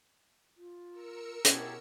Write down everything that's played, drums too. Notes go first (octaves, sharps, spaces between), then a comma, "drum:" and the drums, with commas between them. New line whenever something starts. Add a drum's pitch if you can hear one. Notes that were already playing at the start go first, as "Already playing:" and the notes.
F4
A#4 E6 C#7
B2 C#4 E4 G4 G#4 A5, drum: hi-hat